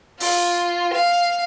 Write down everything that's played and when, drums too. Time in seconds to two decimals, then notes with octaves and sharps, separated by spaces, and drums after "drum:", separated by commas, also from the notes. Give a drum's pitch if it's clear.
0.20 F4, drum: open hi-hat
0.93 F5